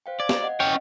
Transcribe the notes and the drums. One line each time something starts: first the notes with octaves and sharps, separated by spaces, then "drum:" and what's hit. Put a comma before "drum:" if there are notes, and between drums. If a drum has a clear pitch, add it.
C5 F5 G5
D5 G#6
drum: snare
D#5 F#5
C#4 C#5 G5